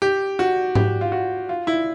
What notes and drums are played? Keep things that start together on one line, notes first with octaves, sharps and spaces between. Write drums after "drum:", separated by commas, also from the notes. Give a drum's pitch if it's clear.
G4
F#4
G4, drum: tom G#2
F4
F#4
F4
E4